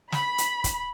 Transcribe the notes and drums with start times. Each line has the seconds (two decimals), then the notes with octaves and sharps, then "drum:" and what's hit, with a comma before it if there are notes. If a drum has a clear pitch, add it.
0.12 B5, drum: snare
0.38 drum: hi-hat
0.64 drum: kick, hi-hat